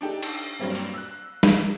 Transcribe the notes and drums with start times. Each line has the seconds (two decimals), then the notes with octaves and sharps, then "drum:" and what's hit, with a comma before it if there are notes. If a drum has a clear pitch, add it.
0.01 D4 D#4 G4 A4
0.23 drum: cymbal
0.60 G2 F#3 G3 A#3 C4
0.75 drum: open hi-hat
0.94 E6 F#6
1.43 drum: snare